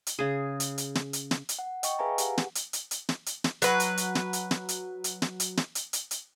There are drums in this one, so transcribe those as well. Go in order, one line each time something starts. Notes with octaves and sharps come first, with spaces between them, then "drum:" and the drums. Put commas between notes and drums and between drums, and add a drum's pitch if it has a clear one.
drum: hi-hat
C#3 G#4
drum: hi-hat
drum: hi-hat
drum: snare
drum: hi-hat
drum: snare
drum: hi-hat
F#5
D#5 G5 C#6, drum: hi-hat
G#4 B4 E5 F5 G#5 A#5
G4 F#5, drum: hi-hat
drum: snare
drum: hi-hat
drum: hi-hat
drum: hi-hat
drum: snare
drum: hi-hat
drum: snare
F#3 B4, drum: hi-hat
drum: hi-hat
drum: hi-hat
drum: snare
drum: hi-hat
drum: snare
drum: hi-hat
drum: hi-hat
drum: snare
drum: hi-hat
drum: snare
drum: hi-hat
drum: hi-hat
drum: hi-hat